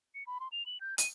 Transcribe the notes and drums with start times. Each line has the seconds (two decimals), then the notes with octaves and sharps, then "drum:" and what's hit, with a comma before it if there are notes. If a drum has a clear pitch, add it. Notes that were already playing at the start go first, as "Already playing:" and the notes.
0.15 C#7
0.27 B5
0.40 C6
0.52 F7
0.66 F#7
0.81 G6
0.98 D#7, drum: hi-hat